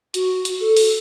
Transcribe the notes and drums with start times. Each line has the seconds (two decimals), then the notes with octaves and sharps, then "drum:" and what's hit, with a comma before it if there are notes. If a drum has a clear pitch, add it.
0.14 F#4, drum: hi-hat
0.45 drum: hi-hat
0.60 A4
0.77 drum: open hi-hat